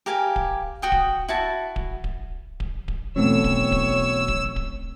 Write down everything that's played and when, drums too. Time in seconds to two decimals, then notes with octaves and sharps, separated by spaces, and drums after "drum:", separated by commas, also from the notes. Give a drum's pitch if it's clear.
0.06 G4 A#4 F5 G#5
0.36 drum: kick D1
0.82 F#4 G5 D#6
0.92 drum: kick D1
1.28 E4 F#4 A5
1.76 drum: kick D1
2.04 drum: kick D1
2.60 drum: kick D1
2.88 drum: kick D1
3.16 B2 E3 F#3 A3 C4 C#4 C#5 E6
3.44 drum: kick D1
3.72 drum: kick D1
4.28 drum: kick D1
4.56 drum: kick D1